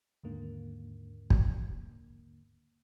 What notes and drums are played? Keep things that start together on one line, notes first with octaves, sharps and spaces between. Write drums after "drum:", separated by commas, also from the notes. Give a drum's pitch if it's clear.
D#2 G#2 D3 A#3
drum: kick